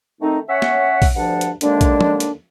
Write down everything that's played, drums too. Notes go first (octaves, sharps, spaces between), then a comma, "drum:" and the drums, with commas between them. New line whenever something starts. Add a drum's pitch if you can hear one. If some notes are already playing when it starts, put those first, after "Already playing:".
D#3 A3 C4 D#4
C#4 C#5 E5 F#5
drum: snare
drum: kick, open hi-hat
D2 G2 F3 D4 F#5
drum: hi-hat
D#2 D3 G#3 A#3 D4, drum: hi-hat
drum: kick, hi-hat
drum: tom
drum: hi-hat